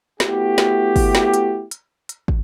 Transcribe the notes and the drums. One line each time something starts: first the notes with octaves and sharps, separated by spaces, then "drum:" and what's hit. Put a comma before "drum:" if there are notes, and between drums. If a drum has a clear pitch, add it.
A3 B3 E4 F#4 G4, drum: snare
drum: snare
drum: kick, open hi-hat
drum: snare
drum: hi-hat
drum: hi-hat
drum: hi-hat
drum: kick